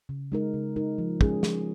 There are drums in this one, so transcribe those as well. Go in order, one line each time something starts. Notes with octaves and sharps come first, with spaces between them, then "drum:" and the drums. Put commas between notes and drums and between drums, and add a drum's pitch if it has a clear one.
C#3
G#3 D#4 A#4
C#3
G#3 D#4 A#4
F3
G#3 C#4 G#4, drum: kick
F3, drum: snare